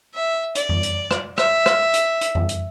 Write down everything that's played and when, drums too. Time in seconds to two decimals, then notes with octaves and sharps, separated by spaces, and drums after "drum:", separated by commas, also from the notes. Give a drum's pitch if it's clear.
0.14 E5
0.55 D5, drum: hi-hat
0.69 drum: tom F2
0.83 drum: hi-hat
1.11 drum: rim click
1.38 E5, drum: rim click
1.66 drum: rim click
1.94 drum: hi-hat
2.21 drum: hi-hat
2.35 drum: tom F2
2.49 drum: hi-hat